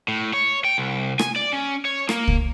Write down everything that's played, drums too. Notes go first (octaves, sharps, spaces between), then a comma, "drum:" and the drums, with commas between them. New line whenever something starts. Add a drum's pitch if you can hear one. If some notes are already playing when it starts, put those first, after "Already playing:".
A2
C#5
G5
C2
G#5, drum: rim click
D5
C#4
C#5
A#3, drum: rim click
drum: kick C2